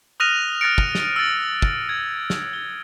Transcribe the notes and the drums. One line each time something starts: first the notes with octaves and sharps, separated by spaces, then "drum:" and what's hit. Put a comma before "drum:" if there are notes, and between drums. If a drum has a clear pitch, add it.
D#6 F6 F#6 A#6 D#7 F7
F6 F#6 A6 A#6 C#7 D7
drum: kick
drum: snare
E6 A6
drum: kick
G#6
drum: snare
G7